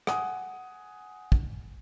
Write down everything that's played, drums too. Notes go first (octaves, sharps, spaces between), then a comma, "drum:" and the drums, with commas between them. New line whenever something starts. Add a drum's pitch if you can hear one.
F#5 G#5 D#6, drum: rim click
drum: kick